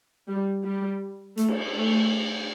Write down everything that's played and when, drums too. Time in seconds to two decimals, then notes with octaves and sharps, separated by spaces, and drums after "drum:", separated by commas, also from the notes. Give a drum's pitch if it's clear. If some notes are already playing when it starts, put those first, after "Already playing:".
0.28 G3
0.64 G3
1.37 A3, drum: hi-hat
1.48 drum: cymbal
1.74 A3